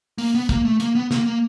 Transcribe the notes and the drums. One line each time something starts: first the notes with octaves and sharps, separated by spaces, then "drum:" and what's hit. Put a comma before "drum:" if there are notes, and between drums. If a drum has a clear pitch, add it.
A#3, drum: open hi-hat
B3
A#3, drum: kick, hi-hat
A3
A#3, drum: hi-hat
B3
A#3, drum: snare
A#3